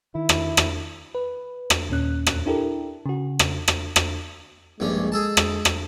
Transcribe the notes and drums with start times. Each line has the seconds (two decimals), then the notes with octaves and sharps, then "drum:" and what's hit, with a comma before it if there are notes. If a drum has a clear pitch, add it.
0.15 D#3 E4
0.29 drum: rim click
0.57 drum: rim click
1.15 B4
1.70 drum: rim click
1.89 D#2 A#2 C#4 F#6
2.27 drum: rim click
2.46 D4 E4 G4 A4 A#4
3.06 C#3 F#4
3.39 drum: rim click
3.68 drum: rim click
3.96 drum: rim click
4.80 A#1 G2 G#3 C#4
5.12 G#4 A4 A5
5.37 drum: rim click
5.65 drum: rim click